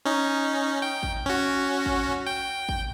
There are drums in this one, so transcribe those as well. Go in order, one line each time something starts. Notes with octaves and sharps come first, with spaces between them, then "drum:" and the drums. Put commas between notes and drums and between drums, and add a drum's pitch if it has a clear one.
C#4 D#4
G5
drum: kick G#1
C#4 F#4
drum: kick G#1
G5
drum: kick G#1